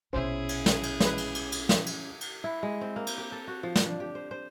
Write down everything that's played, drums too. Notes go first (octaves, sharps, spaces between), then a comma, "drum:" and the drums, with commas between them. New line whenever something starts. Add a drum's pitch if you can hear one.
A#1 B2 C#4 E4 G#4 C5 E5
drum: cymbal
drum: snare
drum: cymbal
G#3 B4, drum: snare
drum: cymbal
drum: cymbal
drum: cymbal
drum: snare
drum: cymbal
drum: cymbal
E4
G#3
C4
A#3
drum: cymbal
G4
A4
F#4
F3
drum: snare
D4
G4
C5
C5